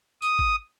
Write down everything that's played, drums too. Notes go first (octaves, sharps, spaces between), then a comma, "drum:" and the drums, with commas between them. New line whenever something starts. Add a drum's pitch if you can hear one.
D#6, drum: tambourine
drum: kick G#1